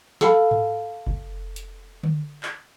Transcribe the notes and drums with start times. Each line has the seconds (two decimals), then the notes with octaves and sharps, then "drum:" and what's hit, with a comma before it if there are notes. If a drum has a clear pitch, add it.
0.21 A4 F5 B5, drum: snare
0.51 drum: tom G#2
1.07 drum: kick F#1
1.56 drum: hi-hat
2.03 drum: tom D3
2.43 drum: clap